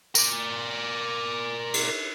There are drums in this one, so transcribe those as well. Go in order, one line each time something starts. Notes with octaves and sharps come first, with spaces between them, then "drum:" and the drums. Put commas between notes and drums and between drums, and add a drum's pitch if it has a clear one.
A#4 D5, drum: tambourine
drum: cymbal